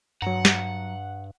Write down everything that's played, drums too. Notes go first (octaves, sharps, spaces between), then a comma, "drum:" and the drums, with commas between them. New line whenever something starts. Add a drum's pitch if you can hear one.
G2 F#3 F#5 A#5
drum: snare